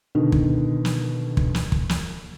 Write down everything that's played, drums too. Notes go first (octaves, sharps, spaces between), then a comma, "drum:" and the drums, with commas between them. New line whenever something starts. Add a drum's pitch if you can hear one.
B2 D3 D#3
drum: kick
drum: snare
drum: kick
drum: snare
drum: kick
drum: snare